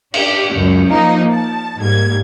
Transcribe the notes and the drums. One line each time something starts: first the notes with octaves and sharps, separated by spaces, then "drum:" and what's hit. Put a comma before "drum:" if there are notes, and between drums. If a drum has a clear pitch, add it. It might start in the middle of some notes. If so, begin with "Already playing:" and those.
D4 G4, drum: cymbal
C#2 F#2
F3 A#3 D#4 D#5
A5
G#2 G3 A#3 G#6